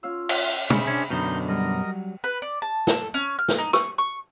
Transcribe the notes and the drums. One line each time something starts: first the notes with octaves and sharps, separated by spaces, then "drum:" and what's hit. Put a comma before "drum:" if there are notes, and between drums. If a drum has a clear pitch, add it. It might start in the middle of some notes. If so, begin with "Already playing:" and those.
C#4 F4 F5 E6
drum: cymbal
C#3 G#3 G#4 C5 E5 B5, drum: tom
C#4 D4
F#2 B2 D3 D#4 G6
F#3 G3 A#4 D#5
B4
D5
A5
A4, drum: snare
C#4
F6
drum: snare
D#4
C#6, drum: rim click
C#6